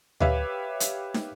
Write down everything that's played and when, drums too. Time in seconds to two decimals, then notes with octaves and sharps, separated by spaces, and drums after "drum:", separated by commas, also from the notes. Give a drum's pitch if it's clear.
0.20 G4 B4 C#5 E5 F5, drum: tom D2
0.80 drum: hi-hat
1.14 drum: snare